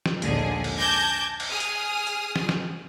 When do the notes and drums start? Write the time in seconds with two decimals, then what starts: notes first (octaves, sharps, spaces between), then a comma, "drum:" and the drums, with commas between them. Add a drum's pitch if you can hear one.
0.06 drum: snare
0.22 A#1 D#2 G#2 D3 G#4, drum: hi-hat
0.64 drum: cymbal
0.77 G#5 A5 D6 G6 G#6 A#6
1.40 drum: cymbal
1.50 G#4 D#6 F6
1.60 drum: hi-hat
2.07 drum: hi-hat
2.36 drum: snare
2.49 drum: snare